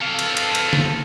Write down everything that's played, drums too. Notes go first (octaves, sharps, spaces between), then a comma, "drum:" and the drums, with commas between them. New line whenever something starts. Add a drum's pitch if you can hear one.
A4 F5
drum: cymbal
drum: cymbal
drum: cymbal
drum: tom D3